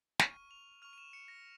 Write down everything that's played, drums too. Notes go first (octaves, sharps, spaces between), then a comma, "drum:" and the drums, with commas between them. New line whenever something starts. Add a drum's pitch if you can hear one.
C#6 F6 D#7, drum: snare
F7
C#6 F6 F7
D#7
E7
C#7
A#6